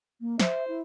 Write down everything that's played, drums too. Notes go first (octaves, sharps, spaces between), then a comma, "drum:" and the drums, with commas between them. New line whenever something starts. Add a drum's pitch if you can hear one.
A#3
C5 E5, drum: snare
E4